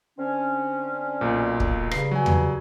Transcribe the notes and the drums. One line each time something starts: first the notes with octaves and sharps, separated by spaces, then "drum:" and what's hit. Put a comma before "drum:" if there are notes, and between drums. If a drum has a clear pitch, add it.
D3 C4 C#4
B1 A#2
drum: kick
G2 C#3 C7, drum: rim click
F#3 G#5
drum: tom E2